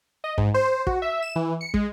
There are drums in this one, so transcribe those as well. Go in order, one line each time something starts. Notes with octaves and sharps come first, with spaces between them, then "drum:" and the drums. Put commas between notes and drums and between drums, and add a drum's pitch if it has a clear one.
D#5
G#2, drum: kick
C5
C5
F#4, drum: kick
E5
E7
E3
C#7
G#3, drum: kick